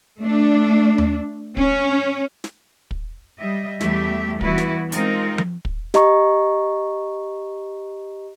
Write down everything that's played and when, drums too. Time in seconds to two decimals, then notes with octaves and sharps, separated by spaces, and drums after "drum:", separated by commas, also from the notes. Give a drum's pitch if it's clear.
0.19 A3 D4
0.98 drum: tom D#2
1.57 C#4, drum: kick
2.44 drum: snare
2.91 drum: kick
3.40 G3 D#5 E5
3.81 E2 G3 A3 G4 E5, drum: snare
4.41 E3 G3 B3 E4 F#4 B4, drum: kick
4.58 drum: snare
4.92 G#3 C4 D#4 F4 A#4, drum: hi-hat
5.38 drum: tom F3
5.65 drum: kick
5.94 G4 D#5 A#5 C#6, drum: snare